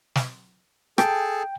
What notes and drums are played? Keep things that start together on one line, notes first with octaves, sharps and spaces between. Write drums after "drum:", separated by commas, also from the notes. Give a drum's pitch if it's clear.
drum: snare
G#4 A4 G5 A5, drum: rim click